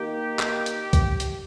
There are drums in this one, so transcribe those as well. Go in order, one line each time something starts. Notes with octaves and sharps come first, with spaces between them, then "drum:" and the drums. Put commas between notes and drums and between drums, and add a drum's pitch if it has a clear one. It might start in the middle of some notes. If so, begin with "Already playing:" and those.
Already playing: D#3 A#3 D#4 G4
drum: clap
drum: hi-hat
drum: kick B1, hi-hat
drum: hi-hat